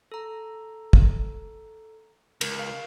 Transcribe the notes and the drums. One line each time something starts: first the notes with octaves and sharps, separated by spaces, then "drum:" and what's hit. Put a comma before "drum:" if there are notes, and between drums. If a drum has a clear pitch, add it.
A4 A#5
drum: kick
C#2 A#4, drum: cymbal
A#4 F5